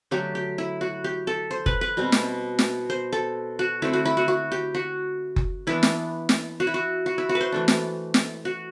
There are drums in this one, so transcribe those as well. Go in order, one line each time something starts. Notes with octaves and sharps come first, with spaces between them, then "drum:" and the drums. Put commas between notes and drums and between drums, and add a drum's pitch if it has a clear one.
D3 F#3 A3 G4
G4
E4
F#4
G4
A4
C5
B4, drum: kick F#1
B4
B2 G3 C4
drum: snare
drum: snare
C5
A4
F#4
D3 A3 C4 E4
F#4
E4
F#4
F#4
G4
F#4
drum: kick F#1
E3 B3 D4 E4
drum: snare
drum: snare
F#4
E4
F#4
F#4
E4
F#4
B4
C5
E3 A3 D4
drum: snare
drum: snare
F#4